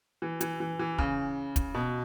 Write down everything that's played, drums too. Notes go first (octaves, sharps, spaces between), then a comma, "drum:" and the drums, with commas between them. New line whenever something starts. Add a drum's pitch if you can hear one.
E3
E3, drum: hi-hat
E3
E3
C#3, drum: kick
drum: kick, hi-hat
B2